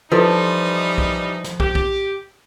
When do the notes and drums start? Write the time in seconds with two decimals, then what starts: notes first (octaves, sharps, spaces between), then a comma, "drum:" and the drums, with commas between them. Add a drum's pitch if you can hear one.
0.12 E3 F3 G3 D#4 E4 A4 B4
0.98 drum: kick
1.44 drum: snare
1.60 G4, drum: kick
1.75 drum: kick